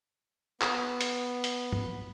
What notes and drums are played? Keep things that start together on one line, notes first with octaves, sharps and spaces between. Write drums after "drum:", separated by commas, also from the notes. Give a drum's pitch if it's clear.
B3, drum: clap
drum: hi-hat
drum: hi-hat
drum: tom